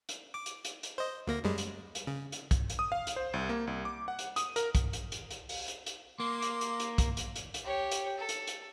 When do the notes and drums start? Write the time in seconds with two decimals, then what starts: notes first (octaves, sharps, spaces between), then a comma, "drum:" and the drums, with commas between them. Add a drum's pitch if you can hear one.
0.09 drum: hi-hat
0.34 D6
0.46 drum: hi-hat
0.65 drum: hi-hat
0.83 drum: hi-hat
0.98 C5 D#5
1.27 D2 A#3 A#6
1.44 F#2 G3 G#3
1.58 drum: hi-hat
1.95 drum: hi-hat
2.07 C#3
2.32 drum: hi-hat
2.51 drum: kick, hi-hat
2.70 drum: hi-hat
2.79 D#6
2.92 F5
3.07 drum: hi-hat
3.16 C5
3.34 C2
3.49 A#3
3.67 C2
3.85 D6
4.08 F#5
4.19 drum: hi-hat
4.36 D#6, drum: hi-hat
4.56 A#4, drum: hi-hat
4.75 drum: kick, hi-hat
4.93 drum: hi-hat
5.12 drum: hi-hat
5.31 drum: hi-hat
5.49 drum: open hi-hat
5.68 drum: hi-hat
5.86 drum: hi-hat
6.20 A#3 C6 D6
6.42 drum: hi-hat
6.61 drum: hi-hat
6.80 drum: hi-hat
6.98 drum: kick, hi-hat
7.17 drum: hi-hat
7.36 drum: hi-hat
7.54 drum: hi-hat
7.64 G4 C#5
7.91 drum: hi-hat
8.18 A4
8.29 drum: hi-hat
8.47 drum: hi-hat